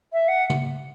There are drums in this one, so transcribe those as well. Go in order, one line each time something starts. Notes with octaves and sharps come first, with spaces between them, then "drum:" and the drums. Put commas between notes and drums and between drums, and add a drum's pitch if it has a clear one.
E5
F#5
drum: tom